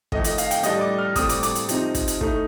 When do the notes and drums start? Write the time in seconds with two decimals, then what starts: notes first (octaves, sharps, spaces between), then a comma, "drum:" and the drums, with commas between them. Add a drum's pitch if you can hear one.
0.12 F2 D#3 A3 D#5, drum: kick
0.24 D#5, drum: hi-hat
0.38 F5, drum: hi-hat
0.51 G5, drum: hi-hat
0.63 A2 G3 D4 D#5, drum: hi-hat
0.81 D6
0.98 F6
1.16 A2 G3 C4 D#6, drum: kick, hi-hat
1.29 D6, drum: hi-hat
1.43 D6, drum: hi-hat
1.55 drum: hi-hat
1.69 C3 F3 C4 D#4, drum: hi-hat
1.95 drum: kick, hi-hat
2.08 drum: hi-hat
2.21 A2 A3 D#4, drum: kick